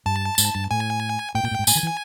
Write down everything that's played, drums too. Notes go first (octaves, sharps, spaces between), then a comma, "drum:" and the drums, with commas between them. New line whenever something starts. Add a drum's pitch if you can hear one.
G2 A5
G#2, drum: tambourine
G2
A2 G#5
A2 G5
A#2
A2
G#2
A2 G#5, drum: tambourine
D#3
E3